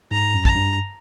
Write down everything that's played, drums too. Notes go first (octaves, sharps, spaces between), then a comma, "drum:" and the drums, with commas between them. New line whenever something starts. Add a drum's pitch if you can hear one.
G#2 A#5
F#2
A#5, drum: kick
G2